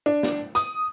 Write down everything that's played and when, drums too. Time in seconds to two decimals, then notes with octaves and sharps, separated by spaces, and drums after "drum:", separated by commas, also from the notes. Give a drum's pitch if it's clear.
0.06 D4
0.23 drum: snare
0.55 D#6, drum: hi-hat